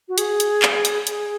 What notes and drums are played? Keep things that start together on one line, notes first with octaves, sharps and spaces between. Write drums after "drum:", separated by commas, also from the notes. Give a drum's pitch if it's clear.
F#4
G#4, drum: hi-hat
drum: hi-hat
drum: clap
drum: hi-hat
G#4, drum: hi-hat